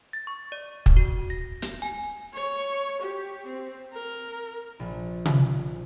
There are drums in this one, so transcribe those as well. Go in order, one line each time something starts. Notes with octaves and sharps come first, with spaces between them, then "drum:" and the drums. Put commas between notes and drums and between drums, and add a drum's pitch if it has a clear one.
A6
C#6
D5
drum: kick
F#4
A#6
drum: hi-hat
G#5
C#5
G4
C4
A#4
A#1
drum: tom C3